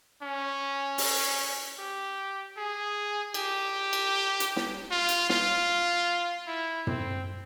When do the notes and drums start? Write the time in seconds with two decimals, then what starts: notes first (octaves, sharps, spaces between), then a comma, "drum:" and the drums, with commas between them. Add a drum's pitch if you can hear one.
0.22 C#4
0.98 drum: open hi-hat
1.78 G4
2.57 G#4
3.34 G4, drum: cymbal
3.93 drum: cymbal
4.40 drum: hi-hat
4.56 drum: snare
4.91 F4
5.09 drum: hi-hat
5.29 F4, drum: snare
6.47 E4
6.87 C4, drum: tom